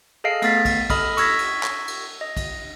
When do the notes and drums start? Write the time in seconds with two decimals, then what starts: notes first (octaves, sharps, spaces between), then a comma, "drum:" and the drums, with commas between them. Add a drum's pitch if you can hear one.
0.24 G#4 A4 D#5 F5 C7 D7
0.42 A3 B3 A6 B6, drum: cymbal
0.65 drum: kick, cymbal
0.90 A4 D#5 B5 D#6 F6, drum: kick, cymbal
1.17 C#6 E6 G#6 A#6 B6, drum: cymbal
1.39 drum: cymbal
1.63 drum: clap
1.88 drum: cymbal
2.21 D#5
2.37 drum: kick, cymbal